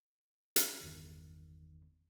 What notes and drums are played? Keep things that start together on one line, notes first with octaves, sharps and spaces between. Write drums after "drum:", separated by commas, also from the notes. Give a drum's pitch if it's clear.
drum: hi-hat
G1 E2 D#3